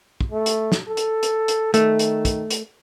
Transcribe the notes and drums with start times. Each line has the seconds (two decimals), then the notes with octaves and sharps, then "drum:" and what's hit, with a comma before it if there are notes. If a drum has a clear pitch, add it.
0.21 drum: kick
0.31 A3
0.46 drum: hi-hat
0.72 drum: snare
0.88 A4
0.97 drum: hi-hat
1.23 drum: hi-hat
1.48 drum: hi-hat
1.74 D#3 A3, drum: hi-hat
1.99 drum: hi-hat
2.25 drum: kick, hi-hat
2.51 drum: hi-hat